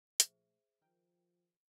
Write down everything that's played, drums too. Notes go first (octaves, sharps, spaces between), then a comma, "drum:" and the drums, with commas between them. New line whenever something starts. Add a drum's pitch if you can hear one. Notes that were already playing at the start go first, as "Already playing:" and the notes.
A#2 F3 A3 G#4 C5 E5, drum: hi-hat
D#3 F3 A#4 G5